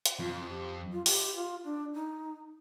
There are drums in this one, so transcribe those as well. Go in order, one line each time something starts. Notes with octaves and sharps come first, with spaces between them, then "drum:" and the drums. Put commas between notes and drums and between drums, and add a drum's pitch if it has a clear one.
drum: hi-hat
F2 F4
G4
F4
G4, drum: open hi-hat
G4
F4
D4
D#4